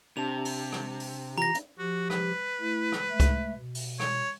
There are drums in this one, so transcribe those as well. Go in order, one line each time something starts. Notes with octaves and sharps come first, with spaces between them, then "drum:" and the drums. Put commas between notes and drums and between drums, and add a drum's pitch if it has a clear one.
C3 D4 G4 A5 F7
drum: open hi-hat
drum: rim click
drum: open hi-hat
E3 F4 G4 A#5 A#6
drum: hi-hat
F3 F#4 G4
B4, drum: rim click
A3 E4
drum: rim click
G#3 A3 E5
drum: kick C#2, hi-hat
B2
drum: open hi-hat
C#5, drum: rim click